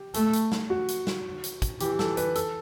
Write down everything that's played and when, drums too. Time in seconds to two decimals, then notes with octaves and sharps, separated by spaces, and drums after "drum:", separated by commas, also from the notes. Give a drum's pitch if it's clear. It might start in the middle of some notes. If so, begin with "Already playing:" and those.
Already playing: G4
0.14 A3, drum: hi-hat
0.33 drum: hi-hat
0.52 drum: snare
0.70 F#4
0.88 drum: hi-hat
1.07 drum: snare
1.44 drum: hi-hat
1.62 drum: kick, hi-hat
1.80 E3 G4, drum: hi-hat
1.93 G4
1.99 A4, drum: snare
2.17 B4, drum: hi-hat
2.35 A4, drum: hi-hat